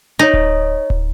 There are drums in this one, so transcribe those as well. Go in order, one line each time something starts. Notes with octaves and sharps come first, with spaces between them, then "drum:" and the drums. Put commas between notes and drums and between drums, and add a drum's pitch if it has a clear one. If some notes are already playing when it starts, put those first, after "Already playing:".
D#4 C#5 D#5
drum: kick D1
drum: kick D1